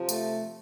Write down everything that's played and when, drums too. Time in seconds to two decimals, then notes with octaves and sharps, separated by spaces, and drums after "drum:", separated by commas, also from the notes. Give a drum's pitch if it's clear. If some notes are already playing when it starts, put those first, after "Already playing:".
Already playing: C3 F3
0.09 A3, drum: tambourine